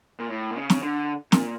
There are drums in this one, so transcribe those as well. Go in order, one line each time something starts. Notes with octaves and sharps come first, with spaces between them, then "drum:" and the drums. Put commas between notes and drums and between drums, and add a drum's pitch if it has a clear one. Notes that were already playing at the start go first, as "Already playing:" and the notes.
A#2
A2
A#2
C#3
drum: snare
D3
A#2, drum: snare